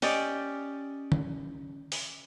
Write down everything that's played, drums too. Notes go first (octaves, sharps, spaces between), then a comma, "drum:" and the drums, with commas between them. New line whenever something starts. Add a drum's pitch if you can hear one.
C#4 G4 D5 D#5, drum: open hi-hat
drum: tom
drum: open hi-hat